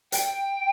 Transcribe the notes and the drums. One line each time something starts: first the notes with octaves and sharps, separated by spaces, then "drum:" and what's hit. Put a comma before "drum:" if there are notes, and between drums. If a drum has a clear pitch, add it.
G5, drum: hi-hat